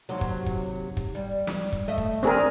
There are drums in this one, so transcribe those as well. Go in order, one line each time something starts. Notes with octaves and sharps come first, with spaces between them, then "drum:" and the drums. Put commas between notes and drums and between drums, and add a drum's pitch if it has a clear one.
D#2 C3 F#3
drum: kick
drum: kick
drum: kick
G3
drum: snare
drum: kick
A3 D#5 E5
drum: kick
D#3 C4 D4 G#4 A#4